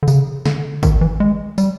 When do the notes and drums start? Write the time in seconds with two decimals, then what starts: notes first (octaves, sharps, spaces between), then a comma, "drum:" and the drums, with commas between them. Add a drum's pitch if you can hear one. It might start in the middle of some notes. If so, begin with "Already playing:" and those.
0.03 D3
0.08 C#3, drum: tambourine
0.45 D3, drum: snare
0.83 D#3, drum: kick, tambourine
1.01 E3
1.20 G#3
1.58 G3, drum: tambourine